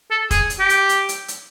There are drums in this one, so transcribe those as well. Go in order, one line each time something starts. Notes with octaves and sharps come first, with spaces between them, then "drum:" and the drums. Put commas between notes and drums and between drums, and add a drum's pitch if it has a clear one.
A4
G#4, drum: kick F1, hi-hat
drum: hi-hat
G4
drum: hi-hat
drum: hi-hat
drum: hi-hat
drum: hi-hat